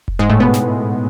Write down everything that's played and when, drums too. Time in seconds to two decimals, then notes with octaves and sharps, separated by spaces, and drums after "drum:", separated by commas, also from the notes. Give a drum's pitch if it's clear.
0.08 drum: kick F1
0.19 G#2 G#3
0.29 A2 A3
0.40 B2 B3
0.54 drum: snare